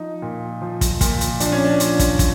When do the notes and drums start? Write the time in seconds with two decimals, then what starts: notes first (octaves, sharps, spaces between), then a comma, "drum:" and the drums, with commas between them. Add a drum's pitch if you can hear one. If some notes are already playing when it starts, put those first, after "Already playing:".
Already playing: F3 D#4
0.22 A#2
0.62 F3
0.81 drum: kick, hi-hat
1.01 A#2, drum: kick, hi-hat
1.21 drum: hi-hat
1.40 F3 D4, drum: hi-hat
1.52 C#4
1.65 D4
1.80 A#2, drum: hi-hat
1.99 drum: kick, hi-hat
2.19 drum: kick, hi-hat